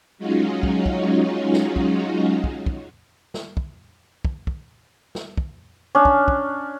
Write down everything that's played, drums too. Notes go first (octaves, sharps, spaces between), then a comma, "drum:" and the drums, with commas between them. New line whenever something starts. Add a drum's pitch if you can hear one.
F#3 G#3 C#4 D#4 F4 F#4
drum: kick
drum: kick
drum: snare
drum: kick
drum: kick
drum: kick
drum: snare
drum: kick
drum: kick
drum: kick
drum: snare
drum: kick
C#4 D4
drum: kick
drum: kick